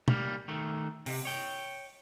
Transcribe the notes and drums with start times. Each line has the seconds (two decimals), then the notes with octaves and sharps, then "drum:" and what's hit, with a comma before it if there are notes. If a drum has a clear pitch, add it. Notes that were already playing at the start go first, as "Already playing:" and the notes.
0.08 G3 A#3, drum: tom
0.48 D#3 A3
1.06 C3, drum: open hi-hat
1.25 C#5 G5